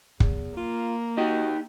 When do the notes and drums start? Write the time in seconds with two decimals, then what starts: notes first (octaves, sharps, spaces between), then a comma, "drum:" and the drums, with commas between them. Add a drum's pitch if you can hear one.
0.20 E2, drum: kick
0.57 A#3 F4
1.17 D#4 F#4 G4 D#5